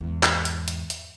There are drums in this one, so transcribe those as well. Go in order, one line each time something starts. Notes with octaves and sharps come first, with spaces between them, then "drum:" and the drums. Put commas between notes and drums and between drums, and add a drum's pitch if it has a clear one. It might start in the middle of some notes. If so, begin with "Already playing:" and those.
E2 G#2
drum: clap
drum: hi-hat
drum: hi-hat
drum: hi-hat